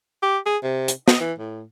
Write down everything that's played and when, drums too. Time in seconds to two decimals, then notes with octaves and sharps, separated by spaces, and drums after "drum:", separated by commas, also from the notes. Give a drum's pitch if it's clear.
0.23 G4
0.46 G#4
0.63 C3
0.88 drum: hi-hat
1.08 D#5, drum: snare
1.20 E3
1.39 A2